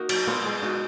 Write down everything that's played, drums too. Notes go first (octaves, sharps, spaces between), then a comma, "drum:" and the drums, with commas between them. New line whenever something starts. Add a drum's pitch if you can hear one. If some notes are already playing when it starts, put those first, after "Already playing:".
Already playing: A#3 D#4 F#4
F#3, drum: cymbal
B3 D4 F4
G#3
D#4 F#4